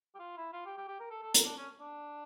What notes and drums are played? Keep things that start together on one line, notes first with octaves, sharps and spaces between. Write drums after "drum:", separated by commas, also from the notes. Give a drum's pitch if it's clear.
G4
F4
E4
F4
G4
G4
G4
A#4
A4
A4
A#4, drum: hi-hat
D4
C#4
D4